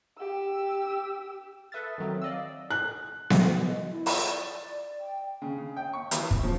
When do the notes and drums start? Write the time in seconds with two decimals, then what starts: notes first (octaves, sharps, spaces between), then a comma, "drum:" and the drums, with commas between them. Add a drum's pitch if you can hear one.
0.18 G4 E6
1.72 A4 B4 E5 D#6 F6 A6
1.98 D#3 F#3 C4
2.22 D5 D#5 F5 E6
2.71 F#6
3.30 drum: snare B3
3.65 D#5
3.91 E4
4.06 F4, drum: open hi-hat
4.28 D5
5.00 G5
5.42 C#3
5.58 C#3
5.77 G5
5.93 C#6
6.11 E3, drum: hi-hat
6.31 C3, drum: kick
6.43 F3